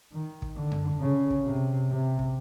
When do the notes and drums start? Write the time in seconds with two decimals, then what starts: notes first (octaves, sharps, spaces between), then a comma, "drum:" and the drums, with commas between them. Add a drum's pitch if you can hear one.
0.13 D#3
0.42 drum: kick
0.56 D3
0.72 drum: tom F#2
1.01 C#3
1.31 drum: kick
1.45 C3
1.90 C3
2.19 drum: kick